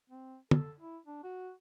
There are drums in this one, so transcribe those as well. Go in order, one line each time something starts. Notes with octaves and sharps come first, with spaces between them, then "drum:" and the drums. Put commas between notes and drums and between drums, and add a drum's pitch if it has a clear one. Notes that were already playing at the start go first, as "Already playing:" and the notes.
C4
A4, drum: tom
E4
D4
F#4